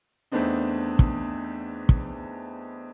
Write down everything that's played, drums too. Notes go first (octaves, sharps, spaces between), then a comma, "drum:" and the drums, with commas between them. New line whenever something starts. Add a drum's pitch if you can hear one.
E2 A3 B3 C4 D4 D#4
drum: kick
drum: kick